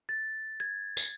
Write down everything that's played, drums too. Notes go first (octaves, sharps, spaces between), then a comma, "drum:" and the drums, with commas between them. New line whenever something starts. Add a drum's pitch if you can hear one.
A6
G#6
drum: tambourine